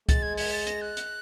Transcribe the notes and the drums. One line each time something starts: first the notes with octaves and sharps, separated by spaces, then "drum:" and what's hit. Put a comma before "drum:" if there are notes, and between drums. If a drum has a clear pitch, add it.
G#3 A6, drum: kick, hi-hat
G#6
G#6, drum: open hi-hat
A6
A#6, drum: hi-hat
F#6
drum: hi-hat